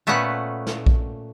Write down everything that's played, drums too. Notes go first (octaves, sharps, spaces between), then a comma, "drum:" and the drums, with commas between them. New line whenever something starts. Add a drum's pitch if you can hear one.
A#2 A3 B3 C#4 B4 F#5
drum: snare
drum: kick A#1